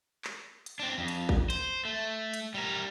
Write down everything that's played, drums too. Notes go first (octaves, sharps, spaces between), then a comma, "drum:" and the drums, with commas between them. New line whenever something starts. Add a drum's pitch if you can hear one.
drum: clap
drum: hi-hat
C4 D4
F2
drum: hi-hat
drum: kick
C5, drum: hi-hat
A3
drum: hi-hat
G3 A#4